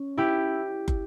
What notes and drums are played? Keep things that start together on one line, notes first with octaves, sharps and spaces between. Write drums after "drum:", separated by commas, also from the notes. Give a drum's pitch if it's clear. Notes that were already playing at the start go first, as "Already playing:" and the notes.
Already playing: C#4
E4 G4
drum: kick